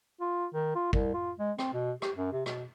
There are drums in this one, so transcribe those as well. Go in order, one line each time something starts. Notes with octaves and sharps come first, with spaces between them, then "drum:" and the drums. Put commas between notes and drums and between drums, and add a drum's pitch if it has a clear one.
F4
D#3
F4
C2, drum: kick
F4
G#3
C4, drum: rim click
B2
G4, drum: rim click
F#2
C3
B2, drum: rim click